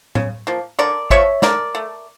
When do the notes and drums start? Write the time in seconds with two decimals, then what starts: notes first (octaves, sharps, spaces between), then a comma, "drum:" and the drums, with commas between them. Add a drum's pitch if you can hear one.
0.15 C#3, drum: tom A2
0.47 F3 A#3
0.79 D3 A#4 D5
1.10 F3 A3 C#5 E5, drum: kick G#1
1.42 D3 A#4 D5, drum: snare
1.75 A3